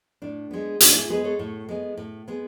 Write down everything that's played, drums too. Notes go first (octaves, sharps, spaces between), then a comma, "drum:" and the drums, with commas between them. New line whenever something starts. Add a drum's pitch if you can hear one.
A2 D4
G#3 B3
A2 D4 F#4, drum: hi-hat
E4 G#4
G#3 B3 G#4 B4
A4 C#5
A2
G#3 B3
A2
G#3 B3